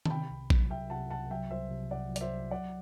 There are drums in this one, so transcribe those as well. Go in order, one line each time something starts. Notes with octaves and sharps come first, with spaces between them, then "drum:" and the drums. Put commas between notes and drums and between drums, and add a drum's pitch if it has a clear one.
A5, drum: tom D#3
C3 G5 B5
C2
F#3, drum: kick A#1
C2 E5 G5
C3 F#5 A5
C2 F#5 A5
F#3 E5 G5
C2 C5 E5
C3
C2 D5 F#5
F#3
D5, drum: hi-hat
C5 E5
C2
F#3 D5 F#5